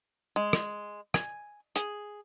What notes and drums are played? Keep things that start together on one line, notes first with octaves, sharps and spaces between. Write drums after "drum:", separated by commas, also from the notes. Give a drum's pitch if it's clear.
G#3
drum: rim click
G#5, drum: rim click
G#4, drum: hi-hat